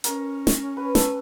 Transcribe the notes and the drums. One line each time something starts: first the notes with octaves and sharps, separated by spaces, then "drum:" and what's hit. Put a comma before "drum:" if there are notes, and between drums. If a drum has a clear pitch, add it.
C#4 A#4, drum: hi-hat
drum: snare
B4
A4, drum: snare